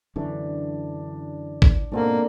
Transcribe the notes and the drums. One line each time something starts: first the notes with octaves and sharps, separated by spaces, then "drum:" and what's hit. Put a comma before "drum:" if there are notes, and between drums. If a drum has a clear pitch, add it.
F#2 D3 E3 D4
drum: kick G#1
G#2 B2 D3 A#3 C4 D4